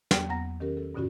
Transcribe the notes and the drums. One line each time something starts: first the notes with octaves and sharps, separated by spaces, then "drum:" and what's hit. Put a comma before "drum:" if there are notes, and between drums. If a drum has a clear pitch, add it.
E2 F#3 A#3 G5 F6, drum: snare
E2 B3 F#5 A#5 A#6
D#3 C#4 G4 A#4
A4
G2 B2 D3 C#4 F4 F#4